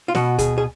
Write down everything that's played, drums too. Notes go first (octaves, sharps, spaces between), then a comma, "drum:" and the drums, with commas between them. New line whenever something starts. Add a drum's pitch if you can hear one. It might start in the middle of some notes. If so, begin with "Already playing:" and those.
F4
B2 F#4, drum: snare B3
G#4, drum: kick D2, hi-hat
G#4